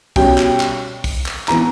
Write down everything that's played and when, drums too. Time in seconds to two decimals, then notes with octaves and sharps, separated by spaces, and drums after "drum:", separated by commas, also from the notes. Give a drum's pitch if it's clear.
0.16 B2 G3 C#4 G5, drum: kick, open hi-hat
0.38 drum: clap
0.60 drum: clap
1.04 drum: kick, open hi-hat
1.26 drum: clap
1.48 E3 B3 A#5, drum: clap